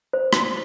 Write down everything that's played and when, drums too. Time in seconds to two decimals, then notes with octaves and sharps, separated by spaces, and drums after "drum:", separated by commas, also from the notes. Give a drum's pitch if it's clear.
0.13 C5
0.33 drum: rim click